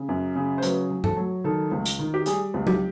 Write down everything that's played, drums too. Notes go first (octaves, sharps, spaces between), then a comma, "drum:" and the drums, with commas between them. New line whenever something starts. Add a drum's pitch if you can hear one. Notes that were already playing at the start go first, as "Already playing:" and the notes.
Already playing: C#3
F#2
C#3
C5
F#3 B4, drum: hi-hat
F#3
A4, drum: tom G2
F#3
D#3 A4
C#2
drum: hi-hat
D#3
G4
G3 G#4, drum: hi-hat
C#2
G4, drum: tom